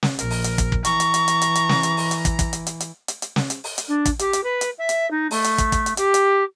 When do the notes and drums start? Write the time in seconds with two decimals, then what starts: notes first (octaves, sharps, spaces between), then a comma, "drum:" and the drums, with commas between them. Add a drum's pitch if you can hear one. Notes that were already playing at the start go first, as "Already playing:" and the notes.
0.03 drum: snare
0.19 A#1 A#4, drum: hi-hat
0.30 drum: open hi-hat
0.44 drum: hi-hat
0.58 drum: kick, hi-hat
0.72 drum: kick
0.85 E3 A#5 C#6, drum: hi-hat
1.00 drum: hi-hat
1.14 drum: hi-hat
1.28 drum: hi-hat
1.42 drum: hi-hat
1.55 drum: hi-hat
1.69 drum: snare
1.83 drum: hi-hat
1.97 drum: open hi-hat
2.11 drum: hi-hat
2.25 drum: kick, hi-hat
2.39 drum: kick, hi-hat
2.53 drum: hi-hat
2.67 drum: hi-hat
2.80 drum: hi-hat
3.08 drum: hi-hat
3.22 drum: hi-hat
3.36 drum: snare
3.50 drum: hi-hat
3.64 drum: open hi-hat
3.78 drum: hi-hat
3.88 D4
4.05 drum: kick, hi-hat
4.19 G4, drum: hi-hat
4.33 drum: hi-hat
4.43 B4
4.61 drum: hi-hat
4.78 E5
4.89 drum: hi-hat
5.10 D#4
5.31 A3, drum: open hi-hat
5.44 drum: hi-hat
5.58 drum: kick, hi-hat
5.72 drum: kick, hi-hat
5.86 drum: hi-hat
5.97 G4, drum: hi-hat
6.14 drum: hi-hat